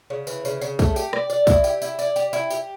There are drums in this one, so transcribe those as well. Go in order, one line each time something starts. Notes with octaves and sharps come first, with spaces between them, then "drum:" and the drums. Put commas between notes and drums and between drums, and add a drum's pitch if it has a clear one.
C#3
E3, drum: tambourine
C#3, drum: tambourine
C#3, drum: tambourine
A3, drum: kick, tambourine
G4, drum: tambourine
D5, drum: rim click
D5, drum: tambourine
E4, drum: kick, tambourine
G4, drum: tambourine
E4, drum: tambourine
D5, drum: tambourine
G4, drum: tambourine
E4, drum: tambourine
G4, drum: tambourine